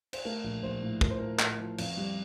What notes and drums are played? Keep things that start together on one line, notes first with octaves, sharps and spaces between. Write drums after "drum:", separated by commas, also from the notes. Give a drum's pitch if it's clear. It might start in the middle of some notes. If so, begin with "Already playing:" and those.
C5, drum: cymbal
A3 A#4
A#1
A#1 C5
A2
F3 A#4, drum: kick
C5
F3 A#4
A2, drum: clap
F3
F2, drum: cymbal
G3